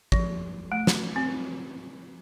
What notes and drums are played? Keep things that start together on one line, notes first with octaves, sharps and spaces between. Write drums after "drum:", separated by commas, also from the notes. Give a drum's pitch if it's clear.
F3, drum: kick
A3
drum: snare
C4